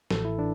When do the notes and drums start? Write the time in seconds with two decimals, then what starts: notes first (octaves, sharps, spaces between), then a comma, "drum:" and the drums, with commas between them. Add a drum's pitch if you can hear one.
0.11 A1 A2 E3 A4, drum: snare
0.25 E4
0.39 E3 D4